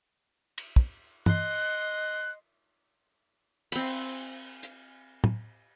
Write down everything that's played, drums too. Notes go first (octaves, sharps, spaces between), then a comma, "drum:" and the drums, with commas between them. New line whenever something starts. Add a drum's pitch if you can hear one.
drum: cymbal
drum: kick
D#5 C6 F#6, drum: tom
C4 B5, drum: cymbal
drum: hi-hat
drum: tom